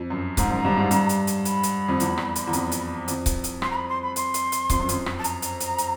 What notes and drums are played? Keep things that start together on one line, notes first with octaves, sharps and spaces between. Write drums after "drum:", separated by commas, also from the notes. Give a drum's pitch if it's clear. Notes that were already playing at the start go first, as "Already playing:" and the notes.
Already playing: F2
F#2
G#2 A#5, drum: kick C#1, hi-hat
F#2
G2
G#2
G2, drum: hi-hat
drum: hi-hat
drum: hi-hat
B5, drum: hi-hat
drum: hi-hat
F2
E2, drum: hi-hat
drum: rim click
drum: hi-hat
E2
F2, drum: hi-hat
drum: hi-hat
F2, drum: hi-hat
drum: kick C#1, hi-hat
drum: hi-hat
C6, drum: rim click
A#5
B5
C6
B5
C6, drum: hi-hat
drum: hi-hat
drum: hi-hat
F2, drum: kick C#1, hi-hat
F#2
F2, drum: hi-hat
drum: rim click
A5
A#5, drum: hi-hat
drum: hi-hat
drum: hi-hat
drum: hi-hat